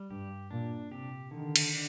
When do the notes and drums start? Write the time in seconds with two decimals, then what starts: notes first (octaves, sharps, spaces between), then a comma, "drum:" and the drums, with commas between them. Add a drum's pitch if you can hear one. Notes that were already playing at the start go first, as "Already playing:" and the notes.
Already playing: G3
0.10 G2 G4
0.51 A#2 D4
0.91 C3 G4
1.31 D3 D#3
1.56 drum: cymbal
1.73 D4